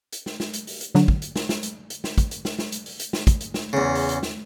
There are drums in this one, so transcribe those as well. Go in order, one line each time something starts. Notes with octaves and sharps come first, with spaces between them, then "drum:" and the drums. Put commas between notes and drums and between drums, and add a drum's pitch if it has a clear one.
drum: hi-hat
drum: snare
drum: snare
drum: hi-hat
drum: open hi-hat
drum: hi-hat
D3 F#3, drum: snare
drum: kick
drum: hi-hat
drum: snare
drum: snare
drum: hi-hat
drum: hi-hat
drum: snare
drum: kick, hi-hat
drum: hi-hat
drum: snare
drum: snare
drum: hi-hat
drum: open hi-hat
drum: hi-hat
drum: snare
drum: kick, hi-hat
drum: hi-hat
drum: snare
E2 C#3
drum: open hi-hat
drum: hi-hat
drum: snare